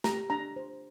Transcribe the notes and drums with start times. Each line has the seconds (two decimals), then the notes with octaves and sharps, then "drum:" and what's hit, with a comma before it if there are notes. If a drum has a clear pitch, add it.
0.04 G4 A#5, drum: snare
0.30 D4 A#5
0.56 C5